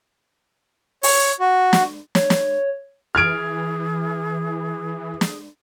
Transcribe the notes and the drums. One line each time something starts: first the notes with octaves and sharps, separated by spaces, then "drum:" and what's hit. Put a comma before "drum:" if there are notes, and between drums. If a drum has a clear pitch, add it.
C#5, drum: open hi-hat
F#4
drum: snare
C#5, drum: snare
drum: snare
E3 G#4 F6 G#6 D7
drum: snare